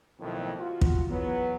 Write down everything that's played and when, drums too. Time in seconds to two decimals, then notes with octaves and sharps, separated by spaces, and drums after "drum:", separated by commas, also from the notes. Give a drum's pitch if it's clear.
0.20 B1 F2 A2 D#3
0.60 F4 F#4
0.81 drum: kick
1.09 E2 F#3 B3